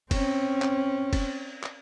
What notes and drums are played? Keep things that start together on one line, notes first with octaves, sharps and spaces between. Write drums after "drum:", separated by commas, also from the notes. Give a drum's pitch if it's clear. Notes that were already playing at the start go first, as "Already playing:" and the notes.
C4 C#4, drum: kick, cymbal
drum: clap
drum: kick, cymbal
drum: clap